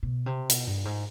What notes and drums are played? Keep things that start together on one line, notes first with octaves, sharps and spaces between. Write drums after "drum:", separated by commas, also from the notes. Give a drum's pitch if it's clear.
B2
C3
B2, drum: hi-hat
G2
G#2